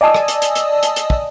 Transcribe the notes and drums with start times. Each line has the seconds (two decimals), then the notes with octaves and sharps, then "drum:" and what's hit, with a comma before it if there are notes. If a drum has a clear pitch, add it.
0.01 D5 D#5 G#5 A5 D#6 E6
0.15 drum: rim click
0.28 drum: hi-hat
0.42 drum: hi-hat
0.55 drum: hi-hat
0.83 drum: hi-hat
0.96 drum: hi-hat
1.10 drum: kick